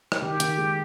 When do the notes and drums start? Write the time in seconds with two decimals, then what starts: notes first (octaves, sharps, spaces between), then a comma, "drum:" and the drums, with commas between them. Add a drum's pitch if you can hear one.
0.12 drum: rim click
0.22 D#3 G4
0.40 D#3, drum: hi-hat
0.57 G#3